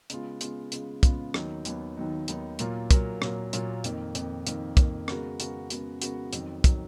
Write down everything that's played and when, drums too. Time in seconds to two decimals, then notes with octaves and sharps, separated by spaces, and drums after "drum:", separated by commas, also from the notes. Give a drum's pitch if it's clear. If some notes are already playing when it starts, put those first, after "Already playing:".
0.10 C#3 G#3 B3 F4, drum: hi-hat
0.41 C#3 G#3 B3 F4, drum: hi-hat
0.72 C#3 G#3 B3 F4, drum: hi-hat
1.03 C#3 G#3 B3 F4, drum: kick, hi-hat
1.34 D#2 D#3 F#3 B3 D#4, drum: rim click
1.65 D#2 D#3 F#3 B3 D#4, drum: hi-hat
1.97 D#2 D#3 F#3 B3 D#4
2.28 D#2 D#3 F#3 B3 D#4, drum: hi-hat
2.59 A#2 F#3 A#3 F4 A#4, drum: hi-hat
2.91 A#2 F#3 A#3 F4 A#4, drum: kick, hi-hat
3.22 A#2 F#3 A#3 F4 A#4, drum: rim click
3.53 A#2 F#3 A#3 F4 A#4, drum: hi-hat
3.84 F2 D#3 A#3, drum: hi-hat
4.15 F2 D#3 A#3, drum: hi-hat
4.47 F2 D#3 A#3, drum: hi-hat
4.77 F2 D#3 A#3, drum: kick, hi-hat
5.08 C#3 G#3 B3 F#4 A#4, drum: rim click
5.40 C#3 G#3 B3 F#4 A#4, drum: hi-hat
5.70 C#3 G#3 B3 F#4 A#4, drum: hi-hat
6.02 C#3 G#3 B3 F#4 A#4, drum: hi-hat
6.33 F2 D#3 F#3, drum: hi-hat
6.64 D#3 F#3, drum: kick, hi-hat